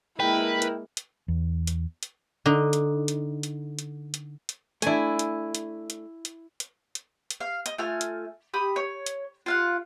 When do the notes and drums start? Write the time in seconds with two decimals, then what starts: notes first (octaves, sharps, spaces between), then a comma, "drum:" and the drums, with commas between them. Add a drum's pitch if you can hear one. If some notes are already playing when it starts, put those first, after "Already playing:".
0.20 G#3 A#3 E4 A#4 B4 G5
0.62 drum: hi-hat
0.97 drum: hi-hat
1.28 E2
1.67 drum: hi-hat
2.03 drum: hi-hat
2.46 D3 D#4
2.73 drum: hi-hat
3.08 drum: hi-hat
3.43 drum: hi-hat
3.79 drum: hi-hat
4.14 drum: hi-hat
4.49 drum: hi-hat
4.82 A3 D4 E4 G#5, drum: hi-hat
5.19 drum: hi-hat
5.55 drum: hi-hat
5.90 drum: hi-hat
6.25 drum: hi-hat
6.60 drum: hi-hat
6.95 drum: hi-hat
7.31 drum: hi-hat
7.40 F5
7.66 D#5, drum: hi-hat
7.78 A3 F4 G#5 F6
8.01 drum: hi-hat
8.54 G4 B5 D#6
8.76 C#5
9.06 drum: hi-hat
9.46 F4 F5 F#5